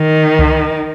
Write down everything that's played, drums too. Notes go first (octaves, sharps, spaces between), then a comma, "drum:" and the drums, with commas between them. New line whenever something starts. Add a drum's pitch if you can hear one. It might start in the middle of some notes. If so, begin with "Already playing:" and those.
Already playing: D#3
drum: kick